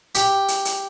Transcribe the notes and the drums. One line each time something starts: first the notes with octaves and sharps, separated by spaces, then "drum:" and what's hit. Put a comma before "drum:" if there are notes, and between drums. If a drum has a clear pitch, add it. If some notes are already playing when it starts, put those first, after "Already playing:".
G4, drum: hi-hat
drum: hi-hat
drum: hi-hat